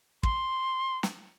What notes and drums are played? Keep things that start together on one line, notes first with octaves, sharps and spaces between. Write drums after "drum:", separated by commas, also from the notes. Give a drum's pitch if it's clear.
C6, drum: kick
drum: snare